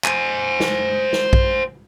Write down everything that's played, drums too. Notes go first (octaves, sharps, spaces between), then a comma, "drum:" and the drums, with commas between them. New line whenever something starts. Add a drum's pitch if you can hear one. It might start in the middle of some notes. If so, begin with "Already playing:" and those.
C5 G#5, drum: clap
drum: snare
drum: snare
drum: kick A#1